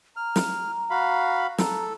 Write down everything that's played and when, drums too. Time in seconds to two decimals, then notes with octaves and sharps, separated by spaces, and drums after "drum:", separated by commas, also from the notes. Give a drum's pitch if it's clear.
0.17 A#5 F6
0.36 drum: snare
0.90 F#4 F5 B5
1.58 A4 A#5, drum: snare